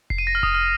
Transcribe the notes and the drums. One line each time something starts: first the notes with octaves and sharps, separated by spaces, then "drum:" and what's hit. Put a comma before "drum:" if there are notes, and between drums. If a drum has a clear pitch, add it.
C7, drum: kick F1
D#7
A#6
F6
D#6, drum: kick F1
F6